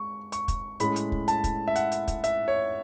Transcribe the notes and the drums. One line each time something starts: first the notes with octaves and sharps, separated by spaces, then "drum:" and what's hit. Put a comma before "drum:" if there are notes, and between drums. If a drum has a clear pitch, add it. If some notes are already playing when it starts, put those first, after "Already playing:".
Already playing: G#3 C#6
C#6, drum: hi-hat
drum: kick, hi-hat
A2 G#3 C#4 B5, drum: hi-hat
drum: hi-hat
drum: kick
A5, drum: hi-hat
drum: kick, hi-hat
E5
F#5, drum: hi-hat
drum: hi-hat
drum: kick, hi-hat
E5, drum: hi-hat
C#5